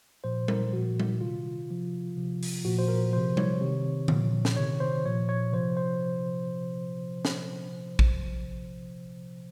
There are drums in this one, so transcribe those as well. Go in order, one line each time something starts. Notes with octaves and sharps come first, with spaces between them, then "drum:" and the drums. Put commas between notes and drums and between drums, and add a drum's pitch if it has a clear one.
A#2 F3 C5
A#4, drum: tom G3
A#2 F3 F#4
drum: tom G3
C3 D#3 F4
C3 F3
C3 F3
drum: open hi-hat
A#2 F3 F#4
C5
A#4
C3 F3 C5
C#5, drum: tom G3
C3 D#3
A#2 F3, drum: tom D3
drum: snare
C3 D#3 C#5
C5
A#2 F3 C#5
C#5
C3 F3 C5
C5
drum: snare
drum: kick A#1